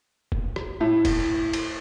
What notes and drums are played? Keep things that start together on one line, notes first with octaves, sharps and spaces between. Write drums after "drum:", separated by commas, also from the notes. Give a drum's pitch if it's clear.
drum: kick
drum: rim click
A2
drum: kick, cymbal
drum: cymbal